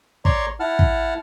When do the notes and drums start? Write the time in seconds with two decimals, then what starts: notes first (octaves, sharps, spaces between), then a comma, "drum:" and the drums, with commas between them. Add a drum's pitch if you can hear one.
0.25 C#5 D5 A#5 C6 C#6, drum: kick
0.60 E4 F#5 A5 F6
0.79 drum: kick